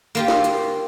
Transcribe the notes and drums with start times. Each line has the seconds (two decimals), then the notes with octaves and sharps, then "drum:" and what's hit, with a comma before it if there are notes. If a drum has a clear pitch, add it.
0.15 A#3 F4 G4
0.28 drum: snare
0.44 drum: hi-hat